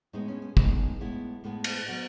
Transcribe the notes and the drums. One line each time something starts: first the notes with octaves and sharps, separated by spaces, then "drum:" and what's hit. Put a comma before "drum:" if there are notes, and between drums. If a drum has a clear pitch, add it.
A2 G#3 B3 D#4
C#4
C#4
A2 G#3 B3 D#4, drum: kick
A2 G#3 B3 E4
A2 G#3 B3
drum: cymbal
F#3 B3 F#4